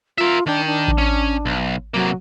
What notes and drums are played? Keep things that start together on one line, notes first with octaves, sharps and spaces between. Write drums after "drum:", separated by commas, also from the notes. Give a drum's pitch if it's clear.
F4 A#4 E5
D#3 D4 G5
D4
drum: kick A1
C#4
B1
C3 F#3 A#3